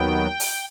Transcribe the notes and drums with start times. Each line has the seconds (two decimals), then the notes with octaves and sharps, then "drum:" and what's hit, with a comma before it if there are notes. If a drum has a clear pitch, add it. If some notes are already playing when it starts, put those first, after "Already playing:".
Already playing: D#2 D#3 F#3 B3 G5
0.40 drum: open hi-hat